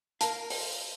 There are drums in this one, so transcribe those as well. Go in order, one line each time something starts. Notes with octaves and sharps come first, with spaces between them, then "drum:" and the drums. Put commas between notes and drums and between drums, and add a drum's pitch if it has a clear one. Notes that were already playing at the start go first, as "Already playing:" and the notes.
A#4 F5 A5, drum: hi-hat
G5, drum: open hi-hat